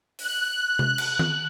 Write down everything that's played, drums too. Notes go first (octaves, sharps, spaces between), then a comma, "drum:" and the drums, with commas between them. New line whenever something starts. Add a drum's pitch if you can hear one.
F#6, drum: open hi-hat
drum: tom C3
drum: cymbal
drum: tom D#3